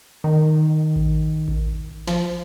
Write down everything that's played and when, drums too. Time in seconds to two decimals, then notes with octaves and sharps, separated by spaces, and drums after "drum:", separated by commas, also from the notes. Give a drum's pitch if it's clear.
0.24 D#3
0.96 drum: kick A1
1.48 drum: kick A1
2.07 F3, drum: snare